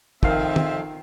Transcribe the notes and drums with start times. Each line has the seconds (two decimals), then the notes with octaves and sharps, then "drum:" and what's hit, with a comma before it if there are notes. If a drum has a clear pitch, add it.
0.23 F2 D#3 C4 E5 F5, drum: kick
0.56 drum: tom